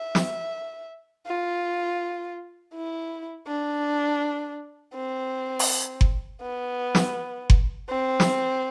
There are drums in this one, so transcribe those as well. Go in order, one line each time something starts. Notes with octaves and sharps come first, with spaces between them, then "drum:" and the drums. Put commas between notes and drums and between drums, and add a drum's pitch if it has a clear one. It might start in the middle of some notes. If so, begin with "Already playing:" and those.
Already playing: E5
drum: snare
F4
E4
D4
C4
drum: open hi-hat
drum: kick F#1
B3
drum: snare
drum: kick F#1
C4
drum: snare